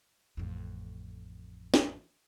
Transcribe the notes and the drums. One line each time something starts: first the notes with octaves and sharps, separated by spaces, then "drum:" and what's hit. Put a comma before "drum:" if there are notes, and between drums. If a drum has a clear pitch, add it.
A1 F2
drum: snare